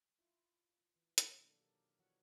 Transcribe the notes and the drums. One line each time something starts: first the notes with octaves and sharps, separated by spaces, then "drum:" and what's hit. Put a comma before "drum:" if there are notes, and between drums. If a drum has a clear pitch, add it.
E4 F4
E3
B2 D#3, drum: hi-hat
F#3 A#3 D4 A4
G4 A#4
E3 F3 F#4 C#5 F#5